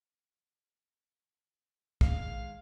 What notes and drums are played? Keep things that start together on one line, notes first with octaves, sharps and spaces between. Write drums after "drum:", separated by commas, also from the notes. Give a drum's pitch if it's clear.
D#3 G#3 F5, drum: kick